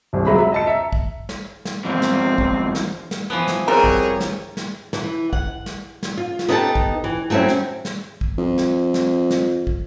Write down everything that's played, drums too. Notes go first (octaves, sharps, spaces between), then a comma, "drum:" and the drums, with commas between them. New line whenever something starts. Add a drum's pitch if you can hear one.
D#1 C2
F#3 G#3 E5 A#5 B5
E5
D#5 A5 C#7
E5 A#5
drum: kick
drum: snare
drum: snare
E2 G#2 F3 C4
drum: snare
drum: kick
drum: snare
drum: snare
E3 F3 B3
drum: snare
G3 C4 G#4 A#4 C5 C#5 A#5
drum: kick
drum: snare
drum: snare
E3, drum: snare
F#5, drum: kick
drum: snare
drum: snare
F4
drum: snare
B3 D#4 E4 G4 A4 A5
drum: kick
E3
F#3 A3 C4 C#4 E4
drum: snare
drum: snare
drum: kick
F2
drum: snare
drum: snare
drum: snare
drum: kick